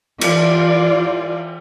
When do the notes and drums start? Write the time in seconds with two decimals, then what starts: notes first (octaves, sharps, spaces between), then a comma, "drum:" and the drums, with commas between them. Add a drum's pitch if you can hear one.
0.21 E3 F4 D5, drum: cymbal